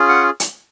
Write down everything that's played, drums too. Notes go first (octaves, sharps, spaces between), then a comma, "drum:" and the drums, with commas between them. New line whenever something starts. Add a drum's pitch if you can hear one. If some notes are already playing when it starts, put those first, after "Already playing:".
Already playing: C#4 F4 G#4
F#5
drum: hi-hat